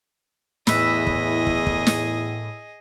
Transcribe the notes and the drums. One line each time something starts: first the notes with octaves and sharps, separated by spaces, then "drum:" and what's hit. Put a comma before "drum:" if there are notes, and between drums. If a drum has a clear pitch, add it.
E2 A2 G#4 B4 D#5 E5, drum: snare
drum: kick
drum: kick
drum: kick
drum: snare